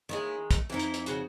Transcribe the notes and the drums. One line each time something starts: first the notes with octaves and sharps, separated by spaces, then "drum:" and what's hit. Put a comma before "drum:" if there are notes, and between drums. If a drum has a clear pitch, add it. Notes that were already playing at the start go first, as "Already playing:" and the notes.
D#2 D#3 G#3 E4
A3, drum: kick, hi-hat
F2 E3 D#4 E4
drum: hi-hat
drum: hi-hat
C#3 F#4, drum: hi-hat